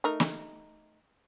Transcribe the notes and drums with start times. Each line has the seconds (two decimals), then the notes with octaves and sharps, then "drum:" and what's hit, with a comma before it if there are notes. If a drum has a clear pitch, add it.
0.04 A3 D#4 A#4
0.20 drum: snare